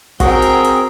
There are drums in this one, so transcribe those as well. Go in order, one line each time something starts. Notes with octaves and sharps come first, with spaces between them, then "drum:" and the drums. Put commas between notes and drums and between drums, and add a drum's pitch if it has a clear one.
C4 F#4 G#4 A#4 G5, drum: kick, hi-hat
drum: hi-hat
drum: hi-hat